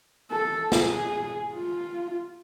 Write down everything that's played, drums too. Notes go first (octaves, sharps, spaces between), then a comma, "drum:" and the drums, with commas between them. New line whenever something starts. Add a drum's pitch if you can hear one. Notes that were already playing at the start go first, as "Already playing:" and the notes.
A4
G#4, drum: snare
F4